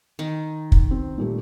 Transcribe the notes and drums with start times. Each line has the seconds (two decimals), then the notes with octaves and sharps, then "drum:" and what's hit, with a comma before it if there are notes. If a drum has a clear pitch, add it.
0.19 D#3
0.72 drum: kick
0.91 C4
1.18 A#2 G3 A3